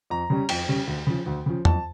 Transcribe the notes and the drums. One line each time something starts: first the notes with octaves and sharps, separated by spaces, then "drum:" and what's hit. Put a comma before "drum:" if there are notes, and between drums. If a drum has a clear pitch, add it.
F2 A#5
C#3 G3 C#4
F2 G5, drum: cymbal
C#3 G3 C#4
D2
C#3 F3
D2
C#3 F3
F2 A5, drum: tom